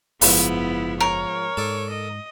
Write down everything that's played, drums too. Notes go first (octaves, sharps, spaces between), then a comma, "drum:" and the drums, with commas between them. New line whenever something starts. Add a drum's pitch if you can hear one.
F#1 G#2 F3 B3 E4, drum: open hi-hat
A#4 C#5
G#2 A4 D5
D#5